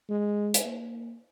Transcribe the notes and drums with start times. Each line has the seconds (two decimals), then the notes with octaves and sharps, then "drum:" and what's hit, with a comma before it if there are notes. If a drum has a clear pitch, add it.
0.09 G#3
0.54 drum: hi-hat
0.66 A#3